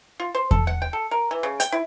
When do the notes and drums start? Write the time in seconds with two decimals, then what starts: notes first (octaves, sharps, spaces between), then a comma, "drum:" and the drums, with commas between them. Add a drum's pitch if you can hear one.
0.20 F4
0.35 C5
0.51 A4, drum: kick E2
0.67 F#5
0.82 G5
0.93 A4
1.11 A#4
1.31 E3
1.43 C#3
1.60 G5, drum: hi-hat
1.72 E4